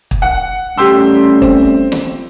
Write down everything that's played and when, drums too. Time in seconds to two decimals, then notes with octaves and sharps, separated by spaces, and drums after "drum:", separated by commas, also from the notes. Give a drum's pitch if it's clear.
0.11 drum: kick
0.22 F#5
0.78 G3 A3 C#4 G4 C6 E6
1.42 C4, drum: kick
1.92 drum: snare